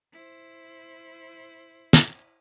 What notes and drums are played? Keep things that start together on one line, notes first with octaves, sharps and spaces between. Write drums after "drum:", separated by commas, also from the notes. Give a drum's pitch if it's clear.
E4 C5
drum: snare